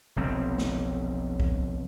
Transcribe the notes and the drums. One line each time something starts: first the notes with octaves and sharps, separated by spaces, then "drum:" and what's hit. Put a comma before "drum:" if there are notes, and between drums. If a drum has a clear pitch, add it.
F1 B1 C4
drum: snare
drum: kick